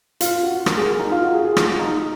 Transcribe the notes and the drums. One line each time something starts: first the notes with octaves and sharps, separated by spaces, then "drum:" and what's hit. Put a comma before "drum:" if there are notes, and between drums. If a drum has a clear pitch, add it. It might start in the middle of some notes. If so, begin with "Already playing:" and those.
F4, drum: hi-hat
F#4
A#4, drum: rim click
G#4
D#4
F4
F#4
G#4
G#4
F4, drum: rim click
D#4